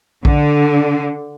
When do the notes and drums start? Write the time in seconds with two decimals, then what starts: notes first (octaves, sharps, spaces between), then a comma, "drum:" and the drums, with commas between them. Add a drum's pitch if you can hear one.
0.25 D3, drum: kick A#1